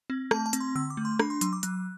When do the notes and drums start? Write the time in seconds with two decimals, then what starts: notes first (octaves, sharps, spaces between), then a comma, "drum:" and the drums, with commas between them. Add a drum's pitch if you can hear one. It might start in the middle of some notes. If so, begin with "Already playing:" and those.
0.10 C4
0.31 A3 A5, drum: rim click
0.46 A5
0.53 C4, drum: hi-hat
0.60 C6
0.75 D3 E6
0.90 D6
0.97 A3
1.05 C6
1.19 D4 B5, drum: rim click
1.30 C6
1.41 F#3 C6, drum: hi-hat
1.53 D6
1.63 F#3 F#6, drum: hi-hat